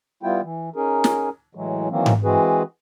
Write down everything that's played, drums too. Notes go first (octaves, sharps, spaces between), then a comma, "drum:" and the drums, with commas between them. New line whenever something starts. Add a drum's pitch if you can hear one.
G3 B3 E4 F4 G5
E3
C#4 D#4 G#4 A#4
drum: snare
A2 E3 F#3 G#3
D#3 E3 F#3 A#3 C4
drum: tom G#2
E3 G#3 C4 F#4 G#4 B4